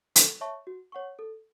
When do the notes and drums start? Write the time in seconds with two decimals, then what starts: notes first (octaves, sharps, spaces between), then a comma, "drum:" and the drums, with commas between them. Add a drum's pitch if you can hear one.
0.16 A4, drum: hi-hat
0.41 C#5 E5 A5 C#6
0.67 F#4
0.92 C#5 F#5 C#6
1.19 A4